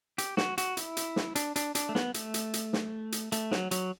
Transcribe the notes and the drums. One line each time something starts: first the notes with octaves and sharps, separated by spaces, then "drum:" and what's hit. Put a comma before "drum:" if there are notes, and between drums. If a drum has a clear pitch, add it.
G4, drum: hi-hat
F#4, drum: snare
F#4, drum: hi-hat
E4, drum: hi-hat
drum: hi-hat
drum: snare
D4, drum: hi-hat
D4, drum: hi-hat
D4, drum: hi-hat
A3
B3, drum: snare
A3, drum: hi-hat
drum: hi-hat
drum: hi-hat
drum: snare
drum: hi-hat
A3, drum: hi-hat
F#3, drum: snare
F#3, drum: hi-hat